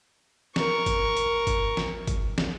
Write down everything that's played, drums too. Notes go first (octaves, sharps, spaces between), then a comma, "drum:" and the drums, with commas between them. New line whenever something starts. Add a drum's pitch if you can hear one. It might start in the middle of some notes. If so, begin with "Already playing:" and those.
A#4 C#6, drum: snare
drum: kick G1, hi-hat
drum: hi-hat
drum: kick G1, hi-hat
drum: snare
drum: kick G1, hi-hat
drum: snare